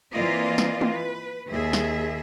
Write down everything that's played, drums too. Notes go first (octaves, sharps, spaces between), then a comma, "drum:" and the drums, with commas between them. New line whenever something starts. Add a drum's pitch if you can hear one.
E3 A#3 C4 F4 D5 D#5
drum: snare
drum: tom
B4
D#2 G#4 E5
drum: snare